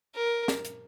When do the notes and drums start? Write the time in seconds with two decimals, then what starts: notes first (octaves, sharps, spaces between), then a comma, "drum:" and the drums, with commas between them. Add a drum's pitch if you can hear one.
0.15 A#4
0.48 drum: snare
0.65 drum: hi-hat